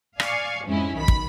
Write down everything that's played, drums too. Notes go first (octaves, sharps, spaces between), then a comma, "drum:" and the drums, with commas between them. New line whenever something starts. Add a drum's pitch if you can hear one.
D5 F5 G#5 C#6, drum: rim click
F2 G#2 C#4 E4
B1 D#3 B5
drum: kick